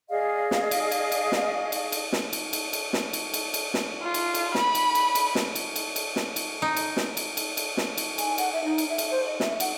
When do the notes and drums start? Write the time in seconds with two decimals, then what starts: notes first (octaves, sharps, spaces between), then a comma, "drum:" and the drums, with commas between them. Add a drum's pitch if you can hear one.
0.10 G#4 D5 D#5 F5
0.51 drum: snare
0.71 drum: cymbal
0.91 drum: cymbal
1.12 drum: cymbal
1.32 drum: snare
1.72 drum: cymbal
1.92 drum: cymbal
2.13 drum: snare
2.33 drum: cymbal
2.53 drum: cymbal
2.73 drum: cymbal
2.93 drum: snare
3.13 drum: cymbal
3.34 drum: cymbal
3.54 drum: cymbal
3.74 drum: snare
4.02 F4
4.14 drum: cymbal
4.34 drum: cymbal
4.55 B5, drum: snare
4.75 drum: cymbal
4.95 drum: cymbal
5.15 drum: cymbal
5.35 drum: snare
5.55 drum: cymbal
5.76 drum: cymbal
5.96 drum: cymbal
6.16 drum: snare
6.36 drum: cymbal
6.62 D#4
6.76 drum: cymbal
6.97 drum: snare
7.17 drum: cymbal
7.37 drum: cymbal
7.57 drum: cymbal
7.77 drum: snare
7.98 drum: cymbal
8.18 G#5, drum: cymbal
8.38 F#5, drum: cymbal
8.53 E5
8.65 D#4
8.78 drum: cymbal
8.89 E5
8.98 drum: cymbal
9.11 C5
9.27 D#5
9.40 E5, drum: snare
9.60 F#5, drum: cymbal